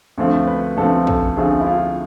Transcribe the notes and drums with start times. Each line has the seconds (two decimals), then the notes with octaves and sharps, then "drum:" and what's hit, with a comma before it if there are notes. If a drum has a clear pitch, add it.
0.18 D2 D3 F3 A3 C4
0.47 B4
0.77 D2 D3 F3 A3 C4 A4
1.07 A4, drum: kick
1.37 D2 D3 F3 A3 C4 G#4
1.61 E4
1.67 F4